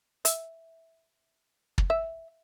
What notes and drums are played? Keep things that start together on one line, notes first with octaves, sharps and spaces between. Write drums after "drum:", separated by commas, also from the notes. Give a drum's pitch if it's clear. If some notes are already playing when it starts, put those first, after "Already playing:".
E5, drum: hi-hat
drum: kick
E5